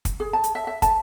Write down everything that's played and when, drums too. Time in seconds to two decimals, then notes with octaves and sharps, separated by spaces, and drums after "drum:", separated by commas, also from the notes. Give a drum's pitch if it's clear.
0.05 drum: kick, hi-hat
0.20 G#4
0.33 A5
0.44 drum: hi-hat
0.55 E5
0.67 E5
0.82 A5, drum: kick, hi-hat